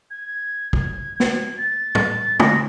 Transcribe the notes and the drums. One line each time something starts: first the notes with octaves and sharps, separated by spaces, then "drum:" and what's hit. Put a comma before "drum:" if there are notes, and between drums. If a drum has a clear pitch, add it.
G#6
G#6, drum: kick
drum: snare
A6
drum: tom
A#6, drum: tom